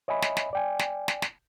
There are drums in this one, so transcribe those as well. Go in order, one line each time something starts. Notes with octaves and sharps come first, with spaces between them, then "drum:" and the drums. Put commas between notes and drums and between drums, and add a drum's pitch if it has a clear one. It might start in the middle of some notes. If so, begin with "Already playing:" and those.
C#5 D#5 E5 G#5 B5
drum: snare
drum: snare
D5 G5 G#5
drum: snare
drum: snare
drum: snare